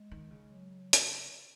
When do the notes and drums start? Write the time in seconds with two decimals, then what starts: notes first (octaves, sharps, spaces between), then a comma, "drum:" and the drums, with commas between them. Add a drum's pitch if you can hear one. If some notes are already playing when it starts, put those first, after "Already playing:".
Already playing: G#3
0.11 D#3
0.31 C#3
0.50 F#3
0.93 drum: hi-hat